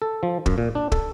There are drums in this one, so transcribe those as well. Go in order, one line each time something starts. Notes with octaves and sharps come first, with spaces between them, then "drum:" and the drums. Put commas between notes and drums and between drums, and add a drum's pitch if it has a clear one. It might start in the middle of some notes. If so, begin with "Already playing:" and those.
A4
F3
F#2, drum: kick
A#2
D4
A4, drum: kick